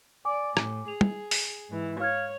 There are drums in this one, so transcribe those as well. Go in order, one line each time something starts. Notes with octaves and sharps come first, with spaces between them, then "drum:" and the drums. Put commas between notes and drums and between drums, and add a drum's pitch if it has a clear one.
D5 G#5 D6
A2, drum: rim click
G#4 F7
drum: tom
drum: open hi-hat
G#2 E3
C#5 F5 F6 G#6